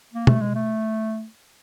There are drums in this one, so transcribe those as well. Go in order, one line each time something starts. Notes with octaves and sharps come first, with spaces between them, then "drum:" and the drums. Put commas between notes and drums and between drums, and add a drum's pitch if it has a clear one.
A#3
A3, drum: tom
G#3
A3